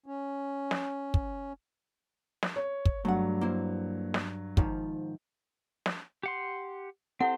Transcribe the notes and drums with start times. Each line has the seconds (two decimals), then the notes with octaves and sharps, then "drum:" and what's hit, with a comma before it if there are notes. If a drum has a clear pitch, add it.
0.06 C#4
0.71 drum: snare
1.14 drum: kick
2.43 drum: snare
2.56 C#5
2.85 drum: kick
3.05 G2 F#3 A3 F#5
3.41 A#3 E4 C5
4.14 drum: snare
4.57 G#2 D#3 F3, drum: kick
5.86 drum: snare
6.23 G4 F#5 C6
7.20 C4 E4 G4 A4 C5 F#5